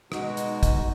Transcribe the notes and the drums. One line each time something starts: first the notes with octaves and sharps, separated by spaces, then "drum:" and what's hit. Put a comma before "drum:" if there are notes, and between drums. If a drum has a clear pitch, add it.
B2 G#3 D#4 F#4, drum: rim click
drum: hi-hat
drum: kick, hi-hat